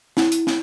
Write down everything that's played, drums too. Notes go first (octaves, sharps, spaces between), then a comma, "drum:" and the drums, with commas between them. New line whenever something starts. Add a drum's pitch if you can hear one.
E4, drum: snare
drum: hi-hat
drum: snare